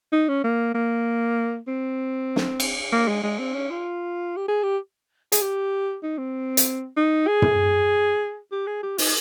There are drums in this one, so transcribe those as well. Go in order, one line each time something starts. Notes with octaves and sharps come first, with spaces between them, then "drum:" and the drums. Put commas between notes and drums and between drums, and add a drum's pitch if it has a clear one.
D#4
C#4
A#3
A#3
C4
drum: snare
drum: cymbal
A#3
G#3
G#3
C4
C#4
F4
G4
G#4
G4
G#4, drum: hi-hat
G4
D#4
C4
drum: hi-hat
D#4
G#4
drum: tom
G4
G#4
G4
D#4, drum: open hi-hat